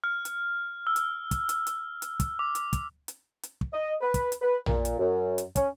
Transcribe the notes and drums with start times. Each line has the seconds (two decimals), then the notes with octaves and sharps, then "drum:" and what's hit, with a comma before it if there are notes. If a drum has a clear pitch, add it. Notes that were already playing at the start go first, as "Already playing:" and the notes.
0.04 F6
0.25 drum: hi-hat
0.87 E6
0.96 drum: hi-hat
1.31 drum: kick, hi-hat
1.49 drum: hi-hat
1.67 drum: hi-hat
2.02 drum: hi-hat
2.20 drum: kick, hi-hat
2.39 D6
2.55 drum: hi-hat
2.73 drum: kick, hi-hat
3.08 drum: hi-hat
3.43 drum: hi-hat
3.61 drum: kick
3.72 D#5
4.01 B4
4.14 drum: kick, hi-hat
4.32 drum: hi-hat
4.41 B4
4.66 A#2, drum: tom A#1
4.85 drum: hi-hat
4.99 F#2
5.38 drum: hi-hat
5.56 C#4, drum: kick, hi-hat